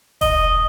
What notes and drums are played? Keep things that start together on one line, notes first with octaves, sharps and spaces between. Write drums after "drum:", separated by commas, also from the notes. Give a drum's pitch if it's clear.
D#5, drum: kick E1, open hi-hat